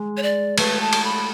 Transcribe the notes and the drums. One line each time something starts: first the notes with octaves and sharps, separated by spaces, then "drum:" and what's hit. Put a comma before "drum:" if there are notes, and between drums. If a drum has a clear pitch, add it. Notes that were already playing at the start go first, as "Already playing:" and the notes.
Already playing: G#3
C#5
D5
A3 B4, drum: cymbal
A5
drum: cymbal
B5